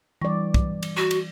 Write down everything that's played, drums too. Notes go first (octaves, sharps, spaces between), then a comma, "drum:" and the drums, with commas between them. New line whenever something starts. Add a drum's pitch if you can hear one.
E3 G3 D5 C#6
drum: kick
drum: cymbal
F#4
drum: cymbal